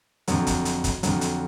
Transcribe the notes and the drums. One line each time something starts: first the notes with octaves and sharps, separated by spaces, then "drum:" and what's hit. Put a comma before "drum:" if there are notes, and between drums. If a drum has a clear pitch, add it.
F2 D3 F#3, drum: hi-hat
drum: kick, hi-hat
drum: hi-hat
drum: kick, hi-hat
F2 D3 F#3, drum: hi-hat
drum: hi-hat